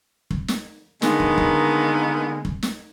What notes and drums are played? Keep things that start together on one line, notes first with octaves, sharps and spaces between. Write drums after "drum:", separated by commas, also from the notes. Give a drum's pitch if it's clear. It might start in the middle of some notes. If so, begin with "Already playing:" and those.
drum: kick
drum: snare
D3 D#3 G#3 A#3 B3, drum: snare
drum: kick
drum: kick
drum: kick
drum: snare